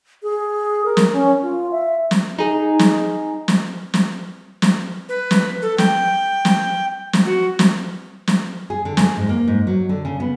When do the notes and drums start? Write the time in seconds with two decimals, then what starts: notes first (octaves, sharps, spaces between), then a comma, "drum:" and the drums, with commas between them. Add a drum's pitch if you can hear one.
0.23 G#4
0.85 A#4
0.97 drum: snare
1.12 C#4
1.42 F4
1.71 E5
2.11 drum: snare
2.39 D#4 G#4
2.79 drum: snare
3.48 drum: snare
3.94 drum: snare
4.62 drum: snare
5.09 B4
5.31 drum: snare
5.62 A4
5.78 G5, drum: snare
6.45 drum: snare
7.13 drum: snare
7.25 F#4
7.59 drum: snare
8.27 drum: snare
8.70 G#4
8.85 D3
8.97 G#4, drum: snare
9.17 G#2
9.29 A#3
9.48 G#2
9.67 F#3
9.89 D3
10.05 C#3
10.20 B3